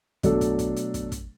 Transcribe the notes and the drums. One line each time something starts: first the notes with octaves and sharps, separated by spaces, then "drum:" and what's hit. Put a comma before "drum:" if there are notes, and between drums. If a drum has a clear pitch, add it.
B2 F#3 A3 D4 A4, drum: kick, hi-hat
drum: kick, hi-hat
drum: kick, hi-hat
drum: hi-hat
drum: kick, hi-hat
drum: kick, hi-hat